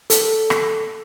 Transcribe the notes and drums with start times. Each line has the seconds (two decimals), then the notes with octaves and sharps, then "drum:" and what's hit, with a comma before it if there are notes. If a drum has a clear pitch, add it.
0.10 A4, drum: hi-hat
0.50 drum: rim click